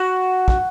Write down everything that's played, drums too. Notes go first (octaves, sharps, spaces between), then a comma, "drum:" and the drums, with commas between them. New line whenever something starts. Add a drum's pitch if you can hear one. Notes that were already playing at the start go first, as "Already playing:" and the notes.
Already playing: F#4
drum: kick